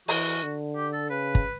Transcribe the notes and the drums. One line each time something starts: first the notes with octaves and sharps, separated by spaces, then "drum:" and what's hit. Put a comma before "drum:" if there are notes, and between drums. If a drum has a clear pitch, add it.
E3 F#4, drum: open hi-hat
D3
G4
A4
C#3 B4
drum: kick